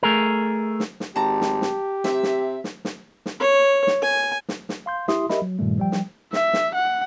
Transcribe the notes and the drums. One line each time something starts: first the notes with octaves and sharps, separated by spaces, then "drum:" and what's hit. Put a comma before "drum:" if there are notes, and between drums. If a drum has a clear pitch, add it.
A3 G#4 A#4
drum: snare
drum: snare
G#1 G4 A5 A#5
drum: snare
drum: snare
C3 E5, drum: snare
drum: snare
drum: snare
drum: snare
drum: snare
C#5
drum: snare
G#5
drum: snare
drum: snare
F5 C6 G6
E4 G4 E5 C6 D#6, drum: snare
G4 A#4 D#5 E5 B5, drum: snare
F#3
G2 A#2 D#3 G3 A3
F3 G3 G5
drum: snare
E5, drum: snare
drum: snare
F#5